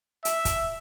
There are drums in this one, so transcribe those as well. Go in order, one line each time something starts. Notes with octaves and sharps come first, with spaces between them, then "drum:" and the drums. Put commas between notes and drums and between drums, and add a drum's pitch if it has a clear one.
E5, drum: hi-hat
drum: kick, hi-hat